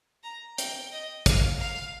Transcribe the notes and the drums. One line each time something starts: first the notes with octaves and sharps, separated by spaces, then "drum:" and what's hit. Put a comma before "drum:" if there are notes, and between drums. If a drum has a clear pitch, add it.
A#5
G5, drum: hi-hat
D#5
F5, drum: kick, hi-hat
F5